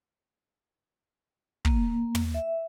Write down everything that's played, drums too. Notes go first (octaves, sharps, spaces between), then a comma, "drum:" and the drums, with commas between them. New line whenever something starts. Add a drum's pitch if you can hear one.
A#3, drum: kick
drum: tom
E5